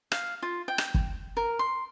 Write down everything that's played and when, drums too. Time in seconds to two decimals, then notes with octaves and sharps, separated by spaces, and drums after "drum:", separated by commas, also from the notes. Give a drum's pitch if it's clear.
0.12 F5, drum: rim click
0.42 F4
0.68 G5
0.78 drum: rim click
0.94 drum: kick
1.37 A#4
1.59 C6